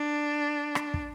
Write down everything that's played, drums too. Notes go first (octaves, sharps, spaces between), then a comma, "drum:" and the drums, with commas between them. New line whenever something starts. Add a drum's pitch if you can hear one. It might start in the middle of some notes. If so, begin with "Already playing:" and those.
Already playing: D4
drum: rim click
drum: kick